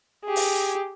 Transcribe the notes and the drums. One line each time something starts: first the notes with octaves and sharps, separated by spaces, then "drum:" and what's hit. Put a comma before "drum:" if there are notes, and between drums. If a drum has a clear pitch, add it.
G4 G#4
drum: open hi-hat